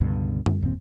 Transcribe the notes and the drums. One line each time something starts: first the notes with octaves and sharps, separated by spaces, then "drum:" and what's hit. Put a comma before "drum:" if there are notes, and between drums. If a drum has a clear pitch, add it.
C#2 G2 B2 D3
drum: tom F#2
E1 D#2 A#2 C4